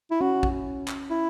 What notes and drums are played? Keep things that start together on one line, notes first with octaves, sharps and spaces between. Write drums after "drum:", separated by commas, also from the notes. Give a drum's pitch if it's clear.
E4
C#4 F#4
drum: kick A#1
drum: clap
E4